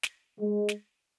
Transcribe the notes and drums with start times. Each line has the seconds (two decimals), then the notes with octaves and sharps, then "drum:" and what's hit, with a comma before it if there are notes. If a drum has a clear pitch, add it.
0.03 drum: snare
0.40 G#3
0.69 drum: snare